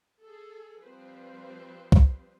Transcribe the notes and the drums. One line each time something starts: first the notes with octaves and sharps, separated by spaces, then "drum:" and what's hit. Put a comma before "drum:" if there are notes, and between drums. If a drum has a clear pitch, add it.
G#4 A4
F3 G3 C4 B4 C5
drum: kick